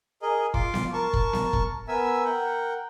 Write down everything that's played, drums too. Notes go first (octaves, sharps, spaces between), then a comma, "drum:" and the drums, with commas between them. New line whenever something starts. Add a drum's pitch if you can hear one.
G#4 A#4 D#5
F4 C6 D6, drum: kick
drum: snare B3
A#4 A5 C#6
drum: kick
drum: snare B3
drum: kick
B3 A#4 E5 G#5 E6
A#4 F#5 G5